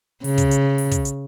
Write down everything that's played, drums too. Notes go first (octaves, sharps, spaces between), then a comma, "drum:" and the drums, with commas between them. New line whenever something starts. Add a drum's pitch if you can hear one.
C#3, drum: open hi-hat
drum: kick, hi-hat
drum: hi-hat
drum: open hi-hat
drum: kick, hi-hat
drum: hi-hat